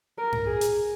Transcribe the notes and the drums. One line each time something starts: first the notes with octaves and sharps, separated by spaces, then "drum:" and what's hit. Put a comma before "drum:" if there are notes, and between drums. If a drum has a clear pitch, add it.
A#4
drum: tom G2
G#4
drum: hi-hat